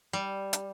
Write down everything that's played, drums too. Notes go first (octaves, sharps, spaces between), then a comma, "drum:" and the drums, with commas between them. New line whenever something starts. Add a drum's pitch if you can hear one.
G3
drum: hi-hat